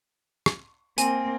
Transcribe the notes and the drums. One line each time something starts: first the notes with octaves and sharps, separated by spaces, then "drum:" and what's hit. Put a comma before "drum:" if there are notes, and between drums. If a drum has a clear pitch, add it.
drum: rim click
A#3 C4 G#5, drum: hi-hat